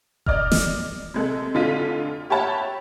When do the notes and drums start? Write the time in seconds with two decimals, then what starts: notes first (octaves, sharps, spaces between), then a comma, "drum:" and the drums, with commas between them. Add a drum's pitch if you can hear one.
0.26 D5 D#5 F6, drum: kick F1
0.52 drum: snare
1.14 C3 G#3 A4
1.54 F1 D3 D#4 F4 B6 D#7
2.30 G4 C#5 E5 F#5 A5 B5